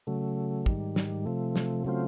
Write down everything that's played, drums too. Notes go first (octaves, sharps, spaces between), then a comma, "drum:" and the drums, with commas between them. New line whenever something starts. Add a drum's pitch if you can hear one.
C#3 F#3 A3
G#2 D#3 G3, drum: kick
drum: snare
C3 F3 A3
drum: snare
C#3 F#3 A3 C4 F4